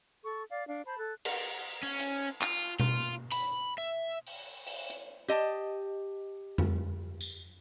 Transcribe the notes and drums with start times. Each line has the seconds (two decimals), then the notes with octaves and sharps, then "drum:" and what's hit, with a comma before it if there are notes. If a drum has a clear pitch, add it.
0.24 A4 C#6
0.49 D5 F5
0.67 D4 F5
0.86 C5 A5 B5 G6
0.98 A4 F#6
1.25 drum: cymbal
1.83 C#4
2.00 drum: hi-hat
2.41 F4, drum: clap
2.80 F4, drum: tom B2
3.32 B5, drum: hi-hat
3.78 E5
4.27 drum: open hi-hat
4.67 drum: open hi-hat
4.90 drum: hi-hat
5.28 G4 D#5 A5
6.58 drum: tom F2
7.21 drum: tambourine